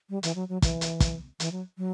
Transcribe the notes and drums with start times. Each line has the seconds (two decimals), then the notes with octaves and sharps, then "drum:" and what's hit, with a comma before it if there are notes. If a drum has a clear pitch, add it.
0.10 G3
0.23 E3, drum: hi-hat
0.35 F#3
0.49 F#3
0.62 E3, drum: kick, hi-hat
0.81 drum: hi-hat
1.00 drum: kick, hi-hat
1.40 E3, drum: hi-hat
1.52 F#3
1.78 F#3